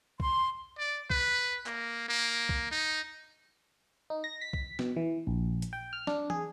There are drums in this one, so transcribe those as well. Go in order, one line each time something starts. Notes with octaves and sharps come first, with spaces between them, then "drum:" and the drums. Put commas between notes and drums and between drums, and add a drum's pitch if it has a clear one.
C6, drum: kick B1
D5
B4, drum: kick B1
A#3, drum: clap
A#3
drum: kick B1
D#4
D#4
A#6
B6
drum: kick B1
B2, drum: snare
E3
A#1
drum: hi-hat
G5
F6
D4, drum: snare
G#4, drum: tom